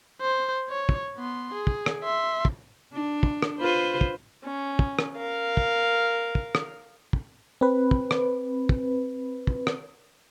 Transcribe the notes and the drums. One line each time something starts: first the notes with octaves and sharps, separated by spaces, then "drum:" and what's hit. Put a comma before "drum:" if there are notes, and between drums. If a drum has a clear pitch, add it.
C5
C#5
drum: kick
B3 C6
G#4
drum: kick
drum: rim click
E5 C6
drum: kick
D4
drum: kick
drum: rim click
F4 B4 C5
drum: kick
C#4
drum: kick
drum: rim click
A#4 F5
drum: kick
drum: kick
drum: rim click
drum: kick
C4 B4
drum: kick
drum: rim click
drum: kick
drum: kick
drum: rim click